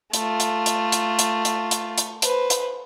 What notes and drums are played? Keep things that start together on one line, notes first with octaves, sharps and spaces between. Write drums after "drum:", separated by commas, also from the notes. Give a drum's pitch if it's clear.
A3 F4, drum: hi-hat
drum: hi-hat
drum: hi-hat
drum: hi-hat
drum: hi-hat
drum: hi-hat
drum: hi-hat
drum: hi-hat
B4 C5, drum: hi-hat
drum: hi-hat